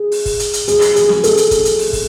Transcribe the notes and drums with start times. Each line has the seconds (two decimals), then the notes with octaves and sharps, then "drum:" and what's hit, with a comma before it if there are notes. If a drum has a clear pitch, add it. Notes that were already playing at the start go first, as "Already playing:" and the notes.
Already playing: G#4
0.12 drum: open hi-hat
0.26 drum: kick, open hi-hat
0.40 drum: hi-hat
0.53 drum: hi-hat
0.68 G#4, drum: hi-hat
0.81 drum: hi-hat
0.96 G#4, drum: hi-hat
1.09 drum: snare
1.24 A4, drum: hi-hat
1.37 drum: hi-hat
1.51 drum: kick, hi-hat
1.65 drum: hi-hat
1.79 drum: open hi-hat
1.93 drum: kick, open hi-hat